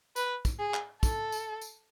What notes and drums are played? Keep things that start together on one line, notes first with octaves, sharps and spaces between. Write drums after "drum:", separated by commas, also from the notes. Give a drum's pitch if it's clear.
B4, drum: tambourine
drum: kick, tambourine
G#4
drum: clap
A4, drum: kick, tambourine
drum: tambourine
drum: tambourine